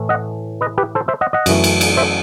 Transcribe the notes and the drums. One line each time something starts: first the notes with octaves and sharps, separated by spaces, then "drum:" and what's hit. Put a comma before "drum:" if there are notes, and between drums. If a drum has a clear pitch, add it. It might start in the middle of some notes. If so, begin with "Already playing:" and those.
Already playing: A2 E3 A3
D#5 F#5
B4 D#5
G4 B4
A4 C5
C5 E5
D#5 F#5
D#5 F#5
F#2 E3 A3, drum: cymbal
drum: cymbal
drum: cymbal
C5 E5